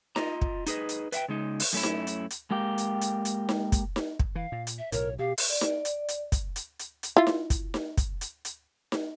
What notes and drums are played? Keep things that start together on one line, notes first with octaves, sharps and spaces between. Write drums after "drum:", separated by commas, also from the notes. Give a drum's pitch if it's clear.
F4 D#5 A#5, drum: snare D#4
drum: kick
D#4 G#4 B4 D#5, drum: hi-hat
drum: hi-hat
B4 E5 F#5 G5, drum: hi-hat
C#3 G#3 D#4
drum: open hi-hat
F#2 A3 C#4 E4
drum: snare D#4
drum: hi-hat
drum: hi-hat
G#3 A#3 G4 G5
drum: hi-hat
drum: hi-hat
drum: hi-hat
drum: snare D#4
drum: kick, hi-hat
drum: snare D#4
drum: kick
E3 F5
A#2
drum: hi-hat
E5
B1 A2 A#4 C#5, drum: hi-hat
B2 G4 F5
drum: open hi-hat
D5
drum: snare D#4
drum: hi-hat
drum: hi-hat
drum: kick, hi-hat
drum: hi-hat
drum: hi-hat
drum: hi-hat
E4 F4
drum: snare D#4
drum: kick, hi-hat
drum: snare D#4
drum: kick, hi-hat
drum: hi-hat
drum: hi-hat
drum: snare D#4